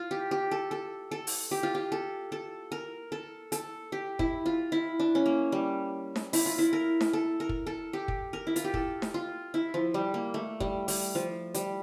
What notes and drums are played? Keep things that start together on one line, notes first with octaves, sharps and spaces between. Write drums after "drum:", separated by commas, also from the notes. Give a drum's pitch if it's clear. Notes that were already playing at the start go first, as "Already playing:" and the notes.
Already playing: F4
G4
G4
A4
A4
A4
drum: open hi-hat
G4
F4
G4
A4
A4
A#4
A4
A4, drum: hi-hat
G4
E4, drum: kick
F4
E4
D4
C#4
A#3
G3
drum: snare D#4
E4, drum: open hi-hat
F4
E4
A#4
drum: snare D#4
A4
A#4
drum: kick
A4
G4
drum: kick
A#4
E4
F4, drum: hi-hat
G4
A4, drum: kick
drum: snare D#4
F4
E4
F3
G3
A#3
A3
G3, drum: kick
G3, drum: open hi-hat
F3
G3, drum: hi-hat